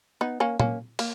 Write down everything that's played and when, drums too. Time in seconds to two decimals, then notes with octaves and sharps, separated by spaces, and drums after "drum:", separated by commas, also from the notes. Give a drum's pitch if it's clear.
0.21 B3 D#4
0.40 A#3 C#4
0.60 A#3 C#4, drum: tom A#2
0.99 A#3, drum: cymbal